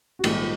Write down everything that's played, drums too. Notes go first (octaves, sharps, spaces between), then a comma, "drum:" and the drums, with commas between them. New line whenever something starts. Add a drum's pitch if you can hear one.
F#4
A#1 G#2 D#3 G3 A#3 F4, drum: cymbal